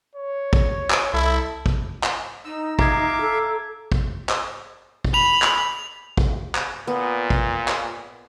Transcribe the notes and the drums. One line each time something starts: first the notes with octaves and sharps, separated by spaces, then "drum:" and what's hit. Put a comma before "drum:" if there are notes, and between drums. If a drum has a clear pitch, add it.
C#5
drum: kick
drum: clap
C2 E4 A4
drum: kick
drum: clap
D#4 E6
E5 F5 A#5 D6 G#6, drum: kick
A4
drum: kick
drum: clap
drum: kick
B5 F7
drum: clap
drum: kick
drum: clap
A#2 B3
drum: kick
drum: clap